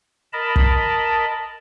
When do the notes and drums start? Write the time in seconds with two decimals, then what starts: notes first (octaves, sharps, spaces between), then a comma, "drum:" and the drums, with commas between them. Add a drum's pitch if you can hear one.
0.33 A#4 D#5 A5 B5
0.56 drum: kick